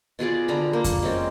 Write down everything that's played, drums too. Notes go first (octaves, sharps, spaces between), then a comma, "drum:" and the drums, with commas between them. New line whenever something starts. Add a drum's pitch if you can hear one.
B2 F4 G#4 D5
D3 A#5 B5
A#3
drum: kick F2, hi-hat
G#3 C4 C#4